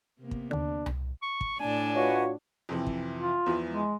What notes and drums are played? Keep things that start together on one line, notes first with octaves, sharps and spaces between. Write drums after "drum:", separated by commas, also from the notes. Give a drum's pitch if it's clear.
C3 A#3 B3
drum: kick
D#2 D3 D4
drum: tom C2
C#6
drum: kick
A2 D4 D5 G#5 A5
F4 F#4 B4 C#5 D#5 F#5
F2 C3 E3
drum: kick
F4
E2 E3 F3
G#3